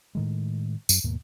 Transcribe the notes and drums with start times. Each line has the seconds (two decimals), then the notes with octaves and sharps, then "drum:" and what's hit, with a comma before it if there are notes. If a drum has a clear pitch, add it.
0.15 A2 D#3 G#3
0.89 F#2, drum: tambourine
1.04 D#2 G#2 B2 A#3